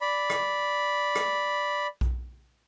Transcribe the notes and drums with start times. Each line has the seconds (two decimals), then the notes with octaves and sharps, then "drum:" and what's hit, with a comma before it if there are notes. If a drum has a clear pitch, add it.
0.01 D5 B5
0.30 drum: rim click
1.15 drum: rim click
2.01 drum: kick B1